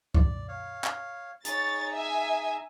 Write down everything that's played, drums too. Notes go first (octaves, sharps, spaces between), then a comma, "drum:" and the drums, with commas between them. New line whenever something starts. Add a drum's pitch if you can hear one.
D5, drum: kick C#2
C#5 F5
drum: clap
D#4 G#4 C#5 A#5 A6, drum: hi-hat
E5 G#5